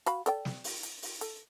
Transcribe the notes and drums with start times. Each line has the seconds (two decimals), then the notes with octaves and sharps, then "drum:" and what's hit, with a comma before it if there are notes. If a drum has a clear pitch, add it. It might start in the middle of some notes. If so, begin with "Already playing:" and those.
0.06 F#4 F5 B5, drum: hi-hat
0.26 A4 D5 G5, drum: hi-hat
0.45 drum: snare
0.64 drum: open hi-hat
0.83 drum: hi-hat
1.02 drum: open hi-hat
1.21 A4, drum: hi-hat